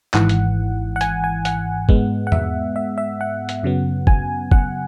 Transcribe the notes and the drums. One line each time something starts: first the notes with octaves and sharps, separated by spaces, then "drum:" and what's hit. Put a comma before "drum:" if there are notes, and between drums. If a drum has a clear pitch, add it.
G#1 G#2 E3 F#5, drum: clap
drum: hi-hat
F#5
G#5, drum: hi-hat
G#5
F#5, drum: hi-hat
G#2 G#3 B3, drum: kick G1
F#5
E5, drum: tom E2
E5
E5
F#5
drum: hi-hat
F#2 C#3 F#3 B3
G#5, drum: kick G1
F#5, drum: kick G1